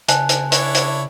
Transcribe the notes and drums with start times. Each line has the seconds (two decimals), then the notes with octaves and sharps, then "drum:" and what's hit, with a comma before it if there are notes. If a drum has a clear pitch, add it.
0.08 C#3 G#5 A5 F#6, drum: hi-hat
0.29 drum: hi-hat
0.52 D4 E4 C#5, drum: hi-hat
0.75 drum: hi-hat